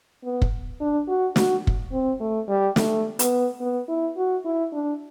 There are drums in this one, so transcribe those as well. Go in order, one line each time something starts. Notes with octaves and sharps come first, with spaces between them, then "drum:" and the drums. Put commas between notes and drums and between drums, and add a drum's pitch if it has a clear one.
B3
drum: kick
D4
F#4
F#4, drum: snare
drum: kick
C4
A3
G3
A3, drum: snare
B3, drum: hi-hat
B3
E4
F#4
E4
D4